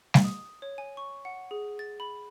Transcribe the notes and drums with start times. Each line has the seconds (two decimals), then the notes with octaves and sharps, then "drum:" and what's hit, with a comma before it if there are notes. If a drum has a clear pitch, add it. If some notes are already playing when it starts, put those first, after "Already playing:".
0.14 drum: snare G3
0.24 D#6
0.62 C#5
0.78 G#5
0.97 C#6
1.25 F#5
1.51 G#4
1.79 A6
2.00 B5